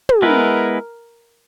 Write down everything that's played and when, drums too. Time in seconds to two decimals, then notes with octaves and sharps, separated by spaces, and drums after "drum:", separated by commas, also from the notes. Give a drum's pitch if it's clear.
0.09 drum: tom
0.22 G#3 B3 E4 A#4 B4